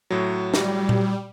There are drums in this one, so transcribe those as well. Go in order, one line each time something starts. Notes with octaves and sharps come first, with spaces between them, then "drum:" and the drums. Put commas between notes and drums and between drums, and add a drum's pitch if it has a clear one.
A2 F#3
G3, drum: snare
drum: tom